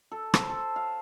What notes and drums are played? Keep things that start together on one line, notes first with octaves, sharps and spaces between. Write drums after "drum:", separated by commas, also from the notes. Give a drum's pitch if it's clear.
A4
C5, drum: rim click
A4
F5